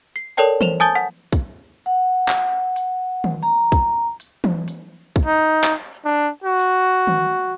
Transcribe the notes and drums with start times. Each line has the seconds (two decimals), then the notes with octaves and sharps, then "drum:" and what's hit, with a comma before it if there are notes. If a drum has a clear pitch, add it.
0.16 C7
0.37 A4 A#4 C#5 D5 G5 A5, drum: hi-hat
0.61 C5 E7 F7, drum: tom E3
0.80 G#5 A5 D#6 G6 A6 G7
0.95 F#5
1.32 drum: kick, hi-hat
1.86 F#5
2.28 drum: clap
2.76 drum: hi-hat
3.24 drum: tom D#3
3.43 A#5
3.72 drum: kick, hi-hat
4.20 drum: hi-hat
4.44 drum: tom E3
4.68 drum: hi-hat
5.16 drum: kick
5.25 D#4
5.64 drum: clap
6.05 D4
6.44 F#4
6.59 drum: hi-hat
7.07 drum: tom D#3